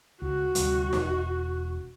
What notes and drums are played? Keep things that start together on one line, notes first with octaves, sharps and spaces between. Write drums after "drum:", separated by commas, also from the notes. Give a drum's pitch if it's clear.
C#2 F#4
D2 C3 G3, drum: hi-hat
E1, drum: snare